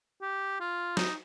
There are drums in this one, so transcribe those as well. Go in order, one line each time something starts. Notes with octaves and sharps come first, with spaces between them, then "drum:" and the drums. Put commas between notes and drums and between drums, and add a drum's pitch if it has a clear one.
G4
F4
D#4, drum: snare